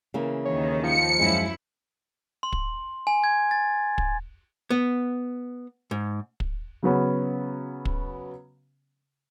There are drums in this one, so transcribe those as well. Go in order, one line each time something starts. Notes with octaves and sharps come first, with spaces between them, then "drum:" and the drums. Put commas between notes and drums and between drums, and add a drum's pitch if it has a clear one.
C#3 E3 A#3
D#2 D#3 C#5
F3 C#7
F#2 G#3 C#4 E4 F#4
C6
drum: kick
G#5
G#6
A6
drum: kick
B3
G#2
drum: kick
C#3 F#3 B3 C#4
drum: kick